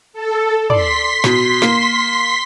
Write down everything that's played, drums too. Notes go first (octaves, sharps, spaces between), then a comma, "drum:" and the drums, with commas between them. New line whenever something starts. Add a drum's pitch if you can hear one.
A4
D5 C6 B6, drum: tom
B2, drum: snare
A#3, drum: snare